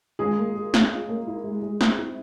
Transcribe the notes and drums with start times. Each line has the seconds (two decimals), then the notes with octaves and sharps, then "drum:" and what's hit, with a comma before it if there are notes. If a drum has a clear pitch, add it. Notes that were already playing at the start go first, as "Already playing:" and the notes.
0.19 G#3 F4 G#4
0.38 A#3
0.55 G#4
0.74 C#4, drum: snare
0.91 F4
1.09 A#3
1.27 E4
1.44 G#3
1.62 G#3
1.81 C4, drum: snare
1.98 E4